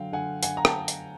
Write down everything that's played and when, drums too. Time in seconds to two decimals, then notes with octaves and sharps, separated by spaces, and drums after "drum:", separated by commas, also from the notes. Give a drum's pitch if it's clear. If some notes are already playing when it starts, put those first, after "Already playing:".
Already playing: D3 F#3 F5 G5
0.12 D3 F#5 G#5
0.43 D3 F#5 G#5, drum: hi-hat
0.57 A#5
0.65 G5 A5, drum: rim click
0.88 drum: hi-hat